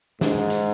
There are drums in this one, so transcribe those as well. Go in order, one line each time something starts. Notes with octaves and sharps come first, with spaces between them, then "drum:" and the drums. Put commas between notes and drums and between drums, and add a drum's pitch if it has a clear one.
G#2, drum: snare
drum: hi-hat